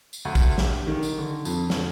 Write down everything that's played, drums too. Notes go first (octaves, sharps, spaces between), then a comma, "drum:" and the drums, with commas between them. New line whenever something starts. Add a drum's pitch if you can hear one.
drum: tambourine
D2
drum: kick A#1, tambourine
G4, drum: snare
D#3
drum: tambourine
D3
F2, drum: tambourine
drum: snare